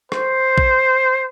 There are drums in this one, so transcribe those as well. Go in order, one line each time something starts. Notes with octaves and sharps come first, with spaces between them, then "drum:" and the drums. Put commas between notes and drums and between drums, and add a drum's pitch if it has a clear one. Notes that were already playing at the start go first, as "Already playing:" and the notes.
C5, drum: rim click
drum: kick A#1